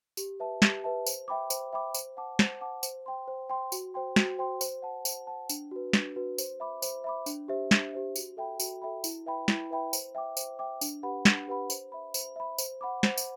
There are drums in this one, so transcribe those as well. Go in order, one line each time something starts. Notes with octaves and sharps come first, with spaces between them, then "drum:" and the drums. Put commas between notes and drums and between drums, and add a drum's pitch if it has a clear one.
G4, drum: tambourine
B4 E5 A5
G4, drum: snare
B4 E5 A5
C5, drum: tambourine
E5 G5 B5 D6
C5, drum: tambourine
E5 G5 B5 D6
C5, drum: tambourine
F#5 A5 D6
C5, drum: snare
F#5 A5 D6
C5, drum: tambourine
G5 C6
C5
G5 C6
F#4, drum: tambourine
C5 G5 C6
F#4, drum: snare
C5 G5 C6
C5, drum: tambourine
F#5 A5
C5, drum: tambourine
F#5 A5
D4, drum: tambourine
F#4 B4
D4, drum: snare
F#4 B4
C5, drum: tambourine
E5 B5 D6
C5, drum: tambourine
E5 B5 D6
D4, drum: tambourine
G4 C5 E5
D4, drum: snare
G4 C5 E5
F#4, drum: tambourine
A4 E5 G5 B5
F#4, drum: tambourine
A4 E5 G5 B5
E4, drum: tambourine
B4 E5 G5 B5
E4, drum: snare
B4 E5 G5 B5
C5, drum: tambourine
E5 G5 D6
C5, drum: tambourine
E5 G5 D6
D4, drum: tambourine
G4 B4 F#5 B5
D4, drum: snare
G4 B4 F#5 B5
C5, drum: tambourine
E5 B5
C5, drum: tambourine
E5 B5
C5, drum: tambourine
F#5 B5 D6
C5, drum: snare
drum: tambourine